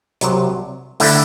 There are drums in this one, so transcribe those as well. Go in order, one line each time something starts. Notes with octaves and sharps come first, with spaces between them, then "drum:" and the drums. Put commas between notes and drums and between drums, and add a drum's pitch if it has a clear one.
C2 C3 F#3, drum: hi-hat
D3 A3 E4, drum: open hi-hat